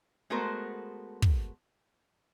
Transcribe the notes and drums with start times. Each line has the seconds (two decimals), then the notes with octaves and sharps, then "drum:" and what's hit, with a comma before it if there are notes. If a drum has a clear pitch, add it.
0.30 G#3 A3 B3 F#4 A#4 C5
1.22 drum: kick